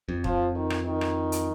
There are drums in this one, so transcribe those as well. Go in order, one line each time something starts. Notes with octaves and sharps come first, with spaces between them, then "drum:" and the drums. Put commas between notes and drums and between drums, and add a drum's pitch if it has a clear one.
F2
F3, drum: kick
D#3
drum: rim click
D#3
drum: rim click
drum: hi-hat